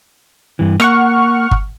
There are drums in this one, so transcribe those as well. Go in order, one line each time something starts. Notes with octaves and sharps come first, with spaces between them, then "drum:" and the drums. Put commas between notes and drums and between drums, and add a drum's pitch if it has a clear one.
G2 E3
A#3 F#5 C#6 F6, drum: rim click
drum: kick G1